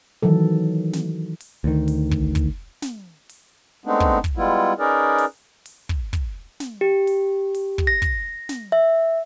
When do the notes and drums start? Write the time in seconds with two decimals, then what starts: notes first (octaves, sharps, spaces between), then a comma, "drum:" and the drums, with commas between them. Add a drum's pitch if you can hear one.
0.22 D#3 E3 F#3 A4
0.93 drum: snare
1.41 drum: open hi-hat
1.64 D2 D#3
1.88 drum: open hi-hat
2.11 drum: kick
2.35 drum: kick, hi-hat
2.82 drum: snare
3.29 drum: open hi-hat
3.86 G#3 A3 B3 C4 D4 D#4
4.00 drum: kick
4.24 drum: kick, hi-hat
4.37 G3 G#3 B3 E4 F4
4.79 C#4 D#4 G#4 A#4 B4 D5
5.18 drum: open hi-hat
5.66 drum: open hi-hat
5.89 drum: kick
6.13 drum: kick, hi-hat
6.60 drum: snare
6.81 G4
7.07 drum: open hi-hat
7.55 drum: open hi-hat
7.78 drum: kick
7.87 A#6
8.02 drum: kick, hi-hat
8.49 drum: snare
8.72 E5